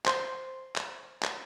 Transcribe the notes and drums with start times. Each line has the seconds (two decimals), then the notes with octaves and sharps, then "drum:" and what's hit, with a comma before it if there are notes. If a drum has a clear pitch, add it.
0.06 C5 C6, drum: clap
0.76 drum: clap
1.23 drum: clap